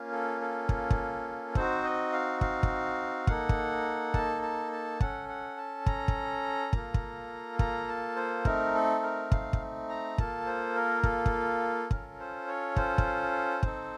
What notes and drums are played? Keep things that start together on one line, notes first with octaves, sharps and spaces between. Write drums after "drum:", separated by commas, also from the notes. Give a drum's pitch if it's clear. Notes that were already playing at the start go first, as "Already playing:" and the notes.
Already playing: A#3 C#4 F4
A4
A4
drum: kick
drum: kick
C4 D#4 F#4 C5, drum: kick
D#5
F5
F5, drum: kick
drum: kick
A#3 D#4 A4 F#5, drum: kick
drum: kick
A5, drum: kick
A5
A5
C#4 A4 F#5, drum: kick
F#5
A5
A#5, drum: kick
drum: kick
A#3 F4 A4, drum: kick
drum: kick
A#5, drum: kick
A5
C5
A3 C4 D#4 A#4, drum: kick
A4
A#4
F5, drum: kick
drum: kick
A#5
A#3 F4 A4 A5, drum: kick
C5
A#4
A4, drum: kick
drum: kick
C#4 F4 A4 A#4, drum: kick
C5
C#5
C5, drum: kick
drum: kick
C4 D#4 A4, drum: kick